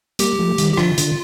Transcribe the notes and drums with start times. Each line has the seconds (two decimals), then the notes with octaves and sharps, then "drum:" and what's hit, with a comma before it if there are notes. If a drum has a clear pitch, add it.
0.19 G3 A#3 G4, drum: hi-hat
0.39 F3 A3
0.58 D#3 G3, drum: hi-hat
0.73 G4
0.77 D3 F3 F4, drum: rim click
0.98 D3, drum: hi-hat